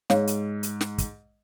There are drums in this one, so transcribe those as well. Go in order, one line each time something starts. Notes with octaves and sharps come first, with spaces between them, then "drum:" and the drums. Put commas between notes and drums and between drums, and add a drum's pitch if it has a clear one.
G#2 C#5 F5, drum: snare
drum: hi-hat
drum: hi-hat
drum: snare
drum: kick, hi-hat